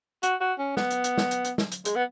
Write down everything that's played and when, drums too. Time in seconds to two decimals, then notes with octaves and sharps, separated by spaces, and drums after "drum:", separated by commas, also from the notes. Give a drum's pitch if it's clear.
0.23 F#4, drum: hi-hat
0.41 F#4
0.59 C#4
0.77 B3, drum: snare
0.91 drum: hi-hat
1.04 drum: hi-hat
1.18 drum: snare
1.31 drum: hi-hat
1.45 drum: hi-hat
1.58 drum: snare
1.72 drum: hi-hat
1.85 G#3, drum: hi-hat
1.96 B3